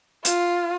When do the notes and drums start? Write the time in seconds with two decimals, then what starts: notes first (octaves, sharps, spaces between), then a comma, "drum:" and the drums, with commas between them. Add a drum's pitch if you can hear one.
0.25 F4, drum: hi-hat